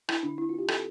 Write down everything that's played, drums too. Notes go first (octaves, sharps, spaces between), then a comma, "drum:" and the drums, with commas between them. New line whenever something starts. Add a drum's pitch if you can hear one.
D4 E4, drum: rim click
D3 D4
C4 E4
F4
C4 G4
C4 A4, drum: rim click